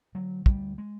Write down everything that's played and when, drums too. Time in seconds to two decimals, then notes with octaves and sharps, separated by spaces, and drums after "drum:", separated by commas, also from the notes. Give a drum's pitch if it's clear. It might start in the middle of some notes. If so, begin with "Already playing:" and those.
0.15 D3 F#3
0.46 D2 G3, drum: kick
0.78 G#3